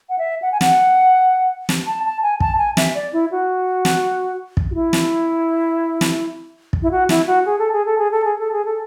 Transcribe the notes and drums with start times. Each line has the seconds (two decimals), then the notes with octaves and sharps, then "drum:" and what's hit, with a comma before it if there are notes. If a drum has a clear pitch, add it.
0.09 F#5
0.18 E5
0.42 F#5
0.52 G#5
0.61 F#5, drum: snare
1.69 drum: snare
1.87 A5
2.05 A5
2.23 G#5
2.40 A5, drum: kick
2.58 G#5
2.77 E5, drum: snare
2.95 D5
3.13 E4
3.31 F#4
3.85 drum: snare
4.57 drum: kick
4.71 F#4
4.75 E4
4.93 drum: snare
6.01 drum: snare
6.73 drum: kick
6.82 E4
6.91 F#4
7.09 E4, drum: snare
7.27 F#4
7.46 G#4
7.59 A4
7.72 G#4
7.85 A4
7.98 G#4
8.11 A4
8.25 G#4
8.39 A4
8.52 G#4
8.65 A4